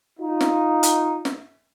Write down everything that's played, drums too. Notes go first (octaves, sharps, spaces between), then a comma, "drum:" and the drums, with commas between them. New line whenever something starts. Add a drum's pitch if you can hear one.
D#4 F4
drum: snare
drum: hi-hat
drum: snare